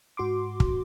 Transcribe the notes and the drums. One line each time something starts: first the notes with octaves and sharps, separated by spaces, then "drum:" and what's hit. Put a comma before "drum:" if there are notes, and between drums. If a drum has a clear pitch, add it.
G#2 F#4 C6 D6
drum: kick